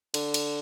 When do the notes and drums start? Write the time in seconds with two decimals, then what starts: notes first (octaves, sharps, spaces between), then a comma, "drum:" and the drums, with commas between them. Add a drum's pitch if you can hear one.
0.14 D3, drum: cymbal
0.34 drum: cymbal